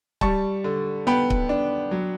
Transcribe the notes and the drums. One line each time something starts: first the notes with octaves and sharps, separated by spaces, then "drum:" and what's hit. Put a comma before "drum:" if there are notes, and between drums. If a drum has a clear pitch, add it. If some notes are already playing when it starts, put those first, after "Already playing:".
G3 A5 C#6, drum: kick C#1
D3
B3 G5 B5
drum: kick C#1
D4
F#3